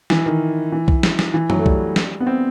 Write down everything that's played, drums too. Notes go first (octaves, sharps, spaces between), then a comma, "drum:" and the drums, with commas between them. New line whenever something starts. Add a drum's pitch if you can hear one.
E3, drum: snare
D#3
E3
drum: kick
drum: snare
drum: snare
E3
F#3, drum: tom
A3
G3, drum: kick
drum: snare
B3
C4